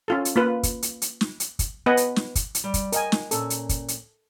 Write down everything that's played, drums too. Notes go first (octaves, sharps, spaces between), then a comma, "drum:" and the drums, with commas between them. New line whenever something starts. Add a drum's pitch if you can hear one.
C#4 F4 A4
drum: hi-hat
A#3 F4 B4
drum: kick, hi-hat
drum: hi-hat
drum: hi-hat
drum: snare
drum: hi-hat
drum: kick, hi-hat
B3 B4 D#5 F#5 G#5
drum: hi-hat
drum: snare
drum: kick, hi-hat
drum: hi-hat
G3
drum: kick, hi-hat
A#4 D#5 G5 G#5, drum: hi-hat
drum: snare
A#2 C#4 A4, drum: hi-hat
drum: hi-hat
drum: kick, hi-hat
drum: hi-hat